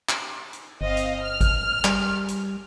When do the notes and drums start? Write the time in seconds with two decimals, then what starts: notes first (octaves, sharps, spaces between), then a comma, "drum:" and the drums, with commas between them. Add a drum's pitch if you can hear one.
0.09 drum: clap
0.53 drum: hi-hat
0.81 G1 C4 D#5 F5
0.97 drum: hi-hat
1.23 F6
1.41 drum: kick G#1, hi-hat
1.84 G3, drum: clap
2.28 drum: hi-hat